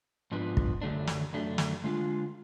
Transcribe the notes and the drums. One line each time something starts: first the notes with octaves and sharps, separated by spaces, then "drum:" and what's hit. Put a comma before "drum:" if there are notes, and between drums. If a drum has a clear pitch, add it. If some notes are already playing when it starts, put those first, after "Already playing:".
G#2 F3 B3 D4
drum: kick
F#2 D3 F#3 A3 D4
drum: snare
F#2 D3 F#3 A3 D4
drum: snare
D3 G#3 D4 F4